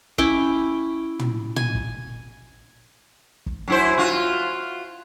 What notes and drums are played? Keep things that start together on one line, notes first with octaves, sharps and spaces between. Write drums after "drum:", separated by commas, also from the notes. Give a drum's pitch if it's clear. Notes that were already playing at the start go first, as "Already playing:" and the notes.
C#4 E4 G5 D6, drum: kick
drum: tom
G#5, drum: tom
drum: kick
drum: kick
F#2 E4 C5
F4 F#4